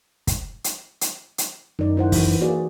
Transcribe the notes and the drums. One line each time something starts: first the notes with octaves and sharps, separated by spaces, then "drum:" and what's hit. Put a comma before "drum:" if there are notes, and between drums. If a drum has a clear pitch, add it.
drum: kick, hi-hat
drum: hi-hat
drum: hi-hat
drum: hi-hat
F#2 D#3 D#4 D5
E4 C5 F#5
E3, drum: kick, open hi-hat
A#3 F#4 G#4 D5